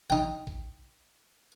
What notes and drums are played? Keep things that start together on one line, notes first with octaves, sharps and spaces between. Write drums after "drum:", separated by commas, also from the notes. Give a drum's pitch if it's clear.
D#4 G5, drum: kick A#1
drum: kick A#1